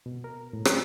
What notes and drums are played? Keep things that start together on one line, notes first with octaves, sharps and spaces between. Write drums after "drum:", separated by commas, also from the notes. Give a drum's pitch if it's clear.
B2
A#4
A2
F3, drum: rim click